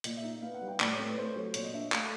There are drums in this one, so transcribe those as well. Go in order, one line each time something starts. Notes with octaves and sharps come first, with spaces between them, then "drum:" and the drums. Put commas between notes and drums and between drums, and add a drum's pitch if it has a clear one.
A#2 D#5, drum: hi-hat
E5
D#4
B3 F5
F#5
G3
G5
A2 D5, drum: clap
C#5
C4
B4
A3 C5
F#3 C#5
A#2 C#5, drum: hi-hat
D#5
D4 E5
A3 F5, drum: clap